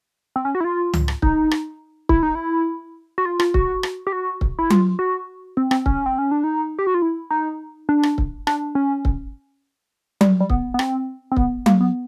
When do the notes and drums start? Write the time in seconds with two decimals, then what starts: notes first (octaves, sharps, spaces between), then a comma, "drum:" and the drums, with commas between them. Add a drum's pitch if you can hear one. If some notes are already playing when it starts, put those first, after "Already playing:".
0.36 C4
0.45 C#4
0.55 F#4
0.60 E4
0.65 F4
0.93 drum: tom C#2
1.08 drum: rim click
1.22 D#4, drum: kick C#1
1.51 drum: rim click
2.09 E4, drum: kick C#1
2.23 D#4
2.35 E4
3.18 F#4
3.26 F4
3.40 F4, drum: rim click
3.54 F#4, drum: kick C#1
3.83 drum: rim click
4.07 G4
4.13 F#4
4.41 drum: kick C#1
4.59 E4
4.70 F4, drum: tom F#3
4.99 F#4
5.57 C4
5.71 C4, drum: rim click
5.86 C#4, drum: kick C#1
6.06 C4
6.18 C#4
6.31 D4
6.44 D#4
6.79 G4
6.87 F#4
6.94 F4
7.02 E4
7.31 D#4
7.89 D4
8.03 drum: rim click
8.18 drum: kick C#1
8.47 D4, drum: rim click
8.75 C#4
9.05 drum: kick C#1
10.21 G3, drum: tom F#3
10.40 G3
10.50 B3, drum: kick C#1
10.74 B3
10.79 C4, drum: rim click
11.32 C4
11.37 B3, drum: kick C#1
11.66 A#3, drum: tom F#3
11.81 B3